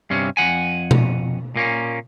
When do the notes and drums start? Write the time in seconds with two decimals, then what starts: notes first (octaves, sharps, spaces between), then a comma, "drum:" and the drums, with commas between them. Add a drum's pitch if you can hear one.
0.10 G2 C3 C#4
0.37 F2 D#3 F#5 G#5
0.91 drum: tom B2
1.56 A#2 A#3 C#4